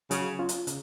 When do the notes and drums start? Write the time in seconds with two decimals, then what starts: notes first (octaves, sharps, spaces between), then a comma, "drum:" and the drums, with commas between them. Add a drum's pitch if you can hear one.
0.11 C#3 F#3, drum: hi-hat
0.39 C#4 F4
0.49 drum: hi-hat
0.67 C#3, drum: hi-hat